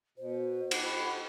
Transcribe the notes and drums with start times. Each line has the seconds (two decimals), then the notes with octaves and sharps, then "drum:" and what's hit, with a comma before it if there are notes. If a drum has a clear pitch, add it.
0.18 B2 C5
0.71 G4 F#5, drum: cymbal
0.86 B5